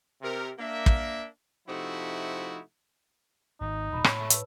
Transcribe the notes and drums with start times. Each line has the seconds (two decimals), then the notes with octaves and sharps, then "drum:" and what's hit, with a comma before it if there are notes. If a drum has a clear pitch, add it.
0.22 C3 A#4
0.58 A#3 D4 E5
0.86 drum: kick
1.68 C3 F3 A3 D#4 E4 F#4
3.61 G#1 D#4
3.93 D#1 B2 B5
4.04 A2 C#5 A5, drum: rim click
4.18 A3
4.30 B4 A5 E6, drum: hi-hat